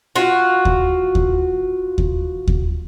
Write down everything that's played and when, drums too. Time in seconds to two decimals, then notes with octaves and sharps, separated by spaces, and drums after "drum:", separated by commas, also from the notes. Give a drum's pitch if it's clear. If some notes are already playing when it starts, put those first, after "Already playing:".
0.16 F4 F#4
0.65 drum: kick D#2
1.15 drum: kick D#2
1.98 drum: kick D#2
2.48 drum: kick D#2